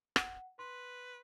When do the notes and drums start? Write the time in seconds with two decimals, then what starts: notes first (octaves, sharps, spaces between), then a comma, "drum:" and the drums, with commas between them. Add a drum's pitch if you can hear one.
0.16 F#5, drum: rim click
0.59 B4 C6